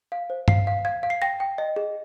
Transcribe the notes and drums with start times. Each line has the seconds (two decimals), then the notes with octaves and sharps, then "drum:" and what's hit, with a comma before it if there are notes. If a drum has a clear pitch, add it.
0.12 F5
0.30 C5
0.48 F5 C7, drum: tom G2
0.67 F5
0.85 F5 G#6
1.03 F5
1.10 C7
1.22 G5 A#6
1.40 G5
1.58 D#5
1.76 G#4